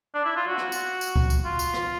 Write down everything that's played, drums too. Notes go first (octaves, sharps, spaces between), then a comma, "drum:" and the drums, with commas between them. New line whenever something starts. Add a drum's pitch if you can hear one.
D4
E4
F4
F#4
drum: rim click
drum: tambourine
drum: tambourine
drum: kick C#2
drum: tambourine
F4
drum: tambourine
drum: rim click